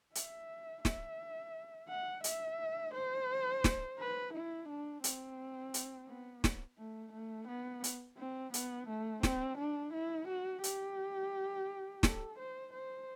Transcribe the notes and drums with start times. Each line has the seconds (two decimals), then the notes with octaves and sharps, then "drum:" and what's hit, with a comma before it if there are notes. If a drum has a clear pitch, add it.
0.15 E5, drum: hi-hat
0.85 E5, drum: snare
1.89 F#5
2.24 E5, drum: hi-hat
2.95 C5
3.64 drum: snare
4.00 B4
4.34 E4
4.69 D4
5.04 C4, drum: hi-hat
5.74 drum: hi-hat
6.08 B3
6.44 drum: snare
6.79 A3
7.13 A3
7.48 B3
7.84 drum: hi-hat
8.18 C4
8.54 B3, drum: hi-hat
8.89 A3
9.23 C4, drum: snare
9.58 D4
9.94 E4
10.28 F#4
10.64 G4, drum: hi-hat
12.03 A4, drum: snare
12.39 C5
12.73 C5